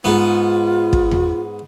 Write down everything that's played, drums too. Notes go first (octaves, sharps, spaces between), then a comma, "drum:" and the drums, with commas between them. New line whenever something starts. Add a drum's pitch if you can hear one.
G#2 B3 F4
drum: kick
drum: tom E2